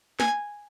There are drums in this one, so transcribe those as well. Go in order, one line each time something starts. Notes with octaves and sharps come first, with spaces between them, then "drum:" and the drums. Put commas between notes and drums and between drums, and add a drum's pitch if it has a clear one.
G#5, drum: snare